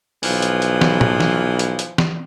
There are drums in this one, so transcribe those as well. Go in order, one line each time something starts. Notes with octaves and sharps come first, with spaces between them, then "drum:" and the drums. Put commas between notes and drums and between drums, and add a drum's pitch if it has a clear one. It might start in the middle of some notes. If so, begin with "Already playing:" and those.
B1 E3 F3, drum: open hi-hat
drum: hi-hat
drum: hi-hat
drum: snare
drum: tom A2
drum: snare
drum: hi-hat
drum: hi-hat
drum: snare